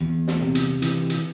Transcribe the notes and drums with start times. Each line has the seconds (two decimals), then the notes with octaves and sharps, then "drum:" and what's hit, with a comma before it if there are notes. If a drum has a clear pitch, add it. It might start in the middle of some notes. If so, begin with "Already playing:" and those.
0.01 E2
0.28 drum: snare
0.41 C3
0.55 drum: hi-hat
0.82 E3, drum: hi-hat
1.10 drum: hi-hat